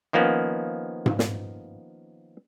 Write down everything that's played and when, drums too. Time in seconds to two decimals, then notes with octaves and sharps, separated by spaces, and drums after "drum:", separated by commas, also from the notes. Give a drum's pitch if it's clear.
0.13 D#3 F3 A#3 B3 C#4
1.06 drum: tom G#2
1.19 drum: snare